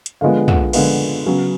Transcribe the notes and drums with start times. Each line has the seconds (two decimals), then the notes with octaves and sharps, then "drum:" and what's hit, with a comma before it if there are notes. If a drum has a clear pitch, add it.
0.06 drum: hi-hat
0.21 D3 F3 G#3 B3 F5
0.48 F#5, drum: tom
0.73 D3 F3 G#3 B3 F5, drum: cymbal
1.26 C#3 F#3 B3